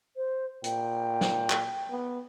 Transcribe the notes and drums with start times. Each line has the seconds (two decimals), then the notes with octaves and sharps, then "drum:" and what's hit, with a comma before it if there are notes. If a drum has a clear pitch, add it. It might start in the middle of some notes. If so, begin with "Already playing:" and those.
0.17 C5
0.64 A#2 G5, drum: hi-hat
1.21 drum: snare
1.50 drum: clap
1.90 B3